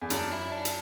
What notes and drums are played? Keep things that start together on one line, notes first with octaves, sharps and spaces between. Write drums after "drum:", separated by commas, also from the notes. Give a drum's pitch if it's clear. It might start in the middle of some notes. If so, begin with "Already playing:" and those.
E2
F#2 D4, drum: hi-hat
E4
D4
drum: hi-hat